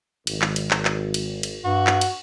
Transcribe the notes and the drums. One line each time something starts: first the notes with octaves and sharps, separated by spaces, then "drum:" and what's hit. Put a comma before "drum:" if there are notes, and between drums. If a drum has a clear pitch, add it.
G#1, drum: cymbal
drum: clap
drum: cymbal
drum: clap
drum: clap
drum: cymbal
drum: cymbal
G2 F#4
drum: clap
drum: cymbal